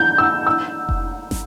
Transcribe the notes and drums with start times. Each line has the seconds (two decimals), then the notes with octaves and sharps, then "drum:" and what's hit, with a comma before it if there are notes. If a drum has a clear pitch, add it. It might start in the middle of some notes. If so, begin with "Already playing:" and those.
Already playing: G6
0.18 E6
0.47 E6
0.89 drum: kick F1
1.31 drum: snare